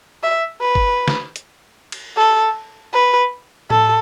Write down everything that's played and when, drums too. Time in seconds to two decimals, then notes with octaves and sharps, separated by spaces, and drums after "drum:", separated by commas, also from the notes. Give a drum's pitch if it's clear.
0.23 E5
0.62 B4
0.75 drum: kick
1.08 drum: snare
1.36 drum: hi-hat
1.92 drum: cymbal
2.17 A4
2.93 B4
3.70 A4, drum: tom A2